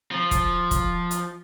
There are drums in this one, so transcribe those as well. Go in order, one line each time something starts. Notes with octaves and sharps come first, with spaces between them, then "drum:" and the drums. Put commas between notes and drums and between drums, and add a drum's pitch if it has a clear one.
F3
drum: kick, hi-hat
drum: kick, hi-hat
drum: hi-hat